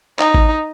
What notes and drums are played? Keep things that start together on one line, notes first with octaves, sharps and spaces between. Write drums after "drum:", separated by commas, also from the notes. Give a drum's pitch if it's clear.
D#4, drum: clap
drum: kick G#1